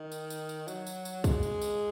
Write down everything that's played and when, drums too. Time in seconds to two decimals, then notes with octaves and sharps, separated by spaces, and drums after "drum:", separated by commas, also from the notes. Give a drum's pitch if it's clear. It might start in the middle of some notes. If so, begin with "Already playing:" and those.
Already playing: D#3
0.12 drum: tambourine
0.30 drum: tambourine
0.49 drum: tambourine
0.68 F#3, drum: tambourine
0.86 drum: tambourine
1.05 drum: tambourine
1.24 G#3, drum: kick, tambourine
1.43 drum: tambourine
1.61 drum: tambourine